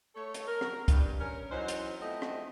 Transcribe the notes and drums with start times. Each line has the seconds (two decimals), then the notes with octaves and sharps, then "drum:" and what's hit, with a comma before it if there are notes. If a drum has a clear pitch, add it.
0.15 A3 A4 C#5
0.34 drum: hi-hat
0.46 A#4
0.61 drum: rim click
0.88 G2, drum: kick, hi-hat
1.19 C#4 A#4
1.50 E3 F#3 C#4 D#4 C5
1.68 drum: hi-hat
2.00 F3 A3 B3 C4 E4 D#5
2.22 drum: rim click